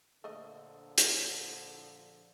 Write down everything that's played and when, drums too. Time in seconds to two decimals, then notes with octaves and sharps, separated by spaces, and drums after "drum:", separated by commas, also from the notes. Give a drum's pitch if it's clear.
0.24 A#1 D3 F3 A3 A#3 D#5
0.98 drum: hi-hat